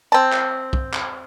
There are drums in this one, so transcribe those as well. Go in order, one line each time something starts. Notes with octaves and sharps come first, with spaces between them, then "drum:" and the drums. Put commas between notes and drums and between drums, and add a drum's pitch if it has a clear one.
C4 A5
drum: clap
drum: kick C2
drum: clap